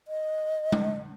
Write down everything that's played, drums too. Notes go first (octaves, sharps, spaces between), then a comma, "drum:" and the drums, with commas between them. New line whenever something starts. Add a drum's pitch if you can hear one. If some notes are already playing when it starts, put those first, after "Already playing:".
D#5
drum: tom G#3